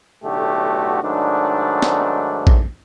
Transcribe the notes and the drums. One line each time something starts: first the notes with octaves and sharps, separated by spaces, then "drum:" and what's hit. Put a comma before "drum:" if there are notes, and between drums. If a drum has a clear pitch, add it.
B1 A2 D3 A3 F#4 G4
G#2 D#3 F#3 A3 D4
drum: snare
drum: kick A#1